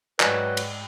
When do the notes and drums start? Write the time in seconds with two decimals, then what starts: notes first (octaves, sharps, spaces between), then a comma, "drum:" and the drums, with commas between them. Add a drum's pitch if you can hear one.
0.20 G#2 F#3 B4 D5 D#5 G5, drum: clap
0.57 drum: cymbal